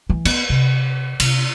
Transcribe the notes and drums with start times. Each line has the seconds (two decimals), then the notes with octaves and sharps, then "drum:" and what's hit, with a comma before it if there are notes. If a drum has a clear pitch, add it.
0.10 E3
0.25 B3, drum: cymbal
0.49 C3
1.20 C3, drum: cymbal